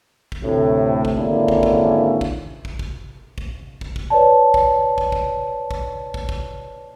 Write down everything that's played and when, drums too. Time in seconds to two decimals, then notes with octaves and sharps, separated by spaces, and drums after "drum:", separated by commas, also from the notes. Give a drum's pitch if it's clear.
0.32 drum: kick
0.43 D2 A2 C3
1.05 drum: kick
1.17 G#1 D3 A#3 C#4 D4 E4
1.48 drum: kick
1.63 drum: kick
2.21 drum: kick
2.65 drum: kick
2.79 drum: kick
3.38 drum: kick
3.81 drum: kick
3.96 drum: kick
4.10 B4 C#5 D5 A5
4.54 drum: kick
4.98 drum: kick
5.12 drum: kick
5.71 drum: kick
6.14 drum: kick
6.29 drum: kick